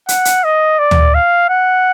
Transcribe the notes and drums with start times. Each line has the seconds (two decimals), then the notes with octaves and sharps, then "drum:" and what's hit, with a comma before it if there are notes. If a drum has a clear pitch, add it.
0.09 F#5, drum: hi-hat
0.25 drum: hi-hat
0.44 D#5
0.79 D5
0.91 drum: tom
1.15 F5
1.50 F#5